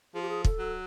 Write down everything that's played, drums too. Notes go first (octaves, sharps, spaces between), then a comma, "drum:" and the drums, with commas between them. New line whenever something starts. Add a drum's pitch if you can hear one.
F3 G#4
G4
G#4
A4, drum: kick
F#3